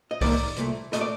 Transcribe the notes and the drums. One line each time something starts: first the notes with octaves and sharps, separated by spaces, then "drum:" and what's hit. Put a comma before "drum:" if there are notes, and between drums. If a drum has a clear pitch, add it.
D#5
D#2 D#3 A#3 D5, drum: kick C2, open hi-hat
C2 A#2 A3, drum: hi-hat
A#2 A3 D#5, drum: hi-hat
D5